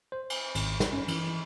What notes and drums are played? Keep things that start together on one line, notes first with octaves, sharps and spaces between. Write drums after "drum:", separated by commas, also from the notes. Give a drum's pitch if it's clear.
C5
drum: cymbal
G#1, drum: cymbal
drum: snare
C#4
E3, drum: cymbal